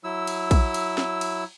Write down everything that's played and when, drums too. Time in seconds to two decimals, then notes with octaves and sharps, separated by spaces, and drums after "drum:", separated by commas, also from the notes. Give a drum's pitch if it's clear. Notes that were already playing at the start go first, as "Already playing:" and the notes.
0.04 F#3 E4 E6
0.27 drum: cymbal
0.51 drum: kick A#1, cymbal
0.74 drum: cymbal
0.98 drum: snare
1.21 drum: cymbal